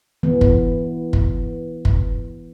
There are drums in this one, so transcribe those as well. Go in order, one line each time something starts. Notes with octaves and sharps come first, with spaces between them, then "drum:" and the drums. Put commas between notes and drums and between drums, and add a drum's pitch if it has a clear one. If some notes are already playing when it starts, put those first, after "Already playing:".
E3 B3
drum: kick
drum: kick
drum: kick